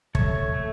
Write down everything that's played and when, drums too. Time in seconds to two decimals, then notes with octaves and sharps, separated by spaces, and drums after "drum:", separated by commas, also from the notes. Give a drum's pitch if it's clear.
0.15 A3 C#5, drum: kick
0.54 A3